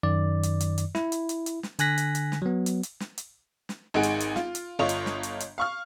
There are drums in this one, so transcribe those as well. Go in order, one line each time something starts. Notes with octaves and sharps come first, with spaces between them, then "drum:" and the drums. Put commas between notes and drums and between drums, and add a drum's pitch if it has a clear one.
F#2 D#3 D5
drum: hi-hat
drum: hi-hat
drum: hi-hat
E4, drum: snare
drum: hi-hat
drum: hi-hat
drum: hi-hat
drum: snare
D3 G#5 F#6 A#6 B6, drum: hi-hat
drum: hi-hat
drum: hi-hat
drum: snare
F#3 B3
drum: hi-hat
drum: hi-hat
drum: snare
drum: hi-hat
drum: snare
G#1 D#4 G#4 F#5 D7
drum: hi-hat
drum: hi-hat
F4, drum: snare
drum: hi-hat
G1 F4 C#5 D#5 F7
drum: hi-hat
drum: snare
drum: hi-hat
drum: hi-hat
F5 C#6 F6